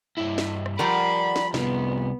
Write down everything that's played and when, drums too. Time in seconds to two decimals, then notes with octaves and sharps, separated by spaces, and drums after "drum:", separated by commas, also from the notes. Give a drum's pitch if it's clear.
0.17 G2 E4
0.38 drum: snare
0.66 drum: rim click
0.79 F3 G3 A#4 D5 F#5 B5
1.36 drum: snare
1.54 C2 B3 F4, drum: snare